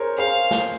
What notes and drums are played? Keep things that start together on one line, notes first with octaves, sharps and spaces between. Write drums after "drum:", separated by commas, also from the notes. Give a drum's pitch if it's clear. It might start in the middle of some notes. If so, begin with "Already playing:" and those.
Already playing: G#4 A#4 C5 C#5
G#4 C5 F5
drum: snare